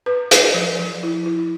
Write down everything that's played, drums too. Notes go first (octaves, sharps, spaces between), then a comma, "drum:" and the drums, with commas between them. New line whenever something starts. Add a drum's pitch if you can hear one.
B4
B4, drum: hi-hat
F3
F3
E4
E4